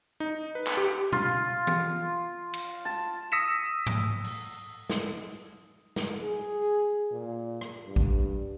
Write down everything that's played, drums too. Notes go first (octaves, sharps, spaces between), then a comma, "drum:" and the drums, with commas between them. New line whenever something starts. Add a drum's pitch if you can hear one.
D#4
B4
drum: clap
G4
F4, drum: tom B2
drum: tom E3
drum: cymbal
A5
D#6 E6 A#6 B6 C#7 E7
drum: tom G#2
drum: open hi-hat
drum: snare
drum: snare
G#4
A#2
drum: rim click
G2
drum: kick A1